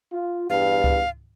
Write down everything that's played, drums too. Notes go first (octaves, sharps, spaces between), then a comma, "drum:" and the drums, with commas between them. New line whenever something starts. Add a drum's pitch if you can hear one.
F4
E2 G2 F5
drum: kick C#2